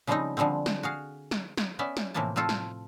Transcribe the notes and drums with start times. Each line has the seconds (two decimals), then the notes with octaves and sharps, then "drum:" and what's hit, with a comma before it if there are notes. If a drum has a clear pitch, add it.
0.07 C#3 F3 G3 G#3 C4 D#4
0.37 D3 F3 G3 G#3 C4
0.66 drum: snare
0.83 F#4 G#4 F5
1.31 drum: snare
1.57 drum: snare
1.79 B3 C#4 D5 E5
1.97 drum: snare
2.14 A2 C3 E3 F3 A#3 A5
2.36 F3 A3 C4 F4 A4
2.49 drum: snare